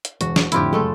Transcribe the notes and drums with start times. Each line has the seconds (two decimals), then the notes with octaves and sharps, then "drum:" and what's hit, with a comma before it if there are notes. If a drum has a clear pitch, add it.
0.05 drum: hi-hat
0.21 E1 F#4, drum: hi-hat
0.36 drum: snare
0.52 F2 A2 D3 E4 F4 G4, drum: hi-hat
0.73 F#1 G#3 A3 A4